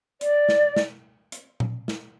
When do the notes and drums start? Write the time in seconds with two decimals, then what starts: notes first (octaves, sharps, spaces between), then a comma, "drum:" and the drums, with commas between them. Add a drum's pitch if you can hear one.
0.21 D5, drum: hi-hat
0.49 drum: snare
0.76 drum: snare
1.32 drum: hi-hat
1.60 drum: tom A#2
1.88 drum: snare